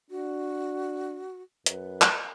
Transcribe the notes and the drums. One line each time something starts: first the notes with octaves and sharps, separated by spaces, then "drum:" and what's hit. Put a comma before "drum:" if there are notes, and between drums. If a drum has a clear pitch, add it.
D4 F#4
F#2 B4, drum: hi-hat
drum: clap